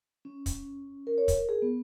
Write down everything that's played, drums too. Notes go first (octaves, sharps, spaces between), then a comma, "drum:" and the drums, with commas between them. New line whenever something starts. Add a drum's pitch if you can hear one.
C#4
drum: kick, hi-hat
A#4
C#5
drum: kick, hi-hat
A#4
G#4
B3